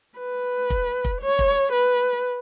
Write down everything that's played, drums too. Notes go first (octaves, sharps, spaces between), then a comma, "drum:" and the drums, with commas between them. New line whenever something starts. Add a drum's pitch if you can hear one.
B4
drum: kick
drum: kick
C#5
drum: kick
B4